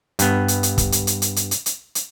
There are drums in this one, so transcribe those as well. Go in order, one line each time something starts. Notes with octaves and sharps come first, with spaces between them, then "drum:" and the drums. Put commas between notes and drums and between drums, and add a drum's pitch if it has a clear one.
G2 B3, drum: hi-hat
drum: hi-hat
drum: hi-hat
drum: kick, hi-hat
drum: hi-hat
drum: hi-hat
drum: hi-hat
drum: hi-hat
drum: hi-hat
drum: hi-hat
drum: hi-hat